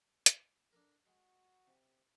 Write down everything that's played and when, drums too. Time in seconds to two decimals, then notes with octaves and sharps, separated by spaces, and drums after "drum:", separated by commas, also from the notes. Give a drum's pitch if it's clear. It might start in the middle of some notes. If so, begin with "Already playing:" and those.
0.26 drum: hi-hat
0.73 D4 A4 A#4
1.06 G#3 F#4
1.67 C3